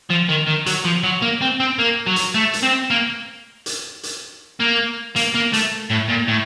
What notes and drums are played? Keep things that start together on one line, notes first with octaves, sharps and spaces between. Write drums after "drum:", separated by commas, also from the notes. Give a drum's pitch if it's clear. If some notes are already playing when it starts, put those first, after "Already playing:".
F3
D#3
D#3
F#3, drum: hi-hat
F3
F#3
A#3
C4
C4
A#3
F#3
drum: hi-hat
A3
drum: hi-hat
C4
A#3
drum: hi-hat
drum: hi-hat
A#3
A#3, drum: hi-hat
A#3
A3, drum: hi-hat
A2
A#2
A2